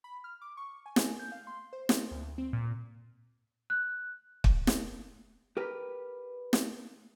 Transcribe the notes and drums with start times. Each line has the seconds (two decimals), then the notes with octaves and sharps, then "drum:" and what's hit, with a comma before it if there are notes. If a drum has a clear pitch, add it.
0.04 B5
0.24 F6
0.42 D6
0.57 C#6
0.86 G#5
0.96 drum: snare
1.19 G6
1.32 F5
1.47 C6
1.73 C5
1.89 drum: snare
2.11 D2
2.38 C4
2.53 A#2
3.70 F#6
4.44 drum: kick
4.67 drum: snare
5.57 G4 A#4 B4 G5
6.53 drum: snare